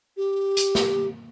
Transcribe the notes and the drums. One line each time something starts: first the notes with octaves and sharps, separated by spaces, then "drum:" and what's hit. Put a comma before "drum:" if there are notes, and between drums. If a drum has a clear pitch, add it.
G4
drum: hi-hat
drum: snare